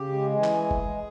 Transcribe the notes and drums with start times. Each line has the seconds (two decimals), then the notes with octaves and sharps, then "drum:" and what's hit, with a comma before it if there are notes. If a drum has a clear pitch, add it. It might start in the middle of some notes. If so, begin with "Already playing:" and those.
Already playing: C#3 G4
0.12 G#3
0.35 E3 G#4
0.44 drum: clap
0.58 G#3
0.71 drum: kick F#1
0.80 G#3